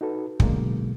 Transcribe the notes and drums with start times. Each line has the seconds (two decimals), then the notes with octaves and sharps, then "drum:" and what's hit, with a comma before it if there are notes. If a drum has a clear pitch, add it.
0.01 D#4 F#4 A4 B4
0.40 B2 D3 F#3 G#3 A#3, drum: kick